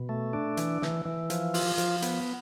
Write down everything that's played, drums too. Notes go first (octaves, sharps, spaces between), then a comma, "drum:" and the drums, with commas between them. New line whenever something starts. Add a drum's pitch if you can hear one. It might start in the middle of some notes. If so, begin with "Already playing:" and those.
Already playing: B2
A3
D4
E3, drum: hi-hat
E3, drum: snare
E3
F3, drum: hi-hat
F4, drum: open hi-hat
F3, drum: hi-hat
B3, drum: hi-hat